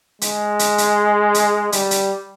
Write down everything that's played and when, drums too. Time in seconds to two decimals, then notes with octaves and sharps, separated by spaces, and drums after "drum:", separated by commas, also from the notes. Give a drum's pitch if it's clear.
0.21 G#3, drum: hi-hat
0.59 drum: hi-hat
0.78 drum: hi-hat
1.34 drum: hi-hat
1.72 G3, drum: hi-hat
1.91 drum: hi-hat